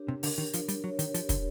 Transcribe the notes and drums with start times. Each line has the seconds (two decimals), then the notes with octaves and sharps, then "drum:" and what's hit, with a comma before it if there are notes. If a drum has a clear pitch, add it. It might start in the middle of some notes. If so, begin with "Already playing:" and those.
Already playing: D4 G4 A#4 C#5
0.08 C3
0.23 D3 A#4, drum: open hi-hat
0.38 D#3
0.53 F3 D4, drum: hi-hat
0.68 G3, drum: hi-hat
0.84 F#3 C#5
0.99 D#3, drum: hi-hat
1.14 F3 G4, drum: hi-hat
1.29 D3, drum: kick, hi-hat